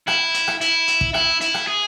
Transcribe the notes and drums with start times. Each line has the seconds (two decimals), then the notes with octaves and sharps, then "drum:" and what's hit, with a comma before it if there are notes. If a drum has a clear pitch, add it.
0.08 E4, drum: rim click
0.34 drum: hi-hat
0.48 drum: rim click
0.61 E4, drum: hi-hat
0.88 drum: hi-hat
1.01 drum: kick
1.14 E4, drum: rim click
1.41 E4, drum: hi-hat
1.54 drum: rim click
1.67 G#4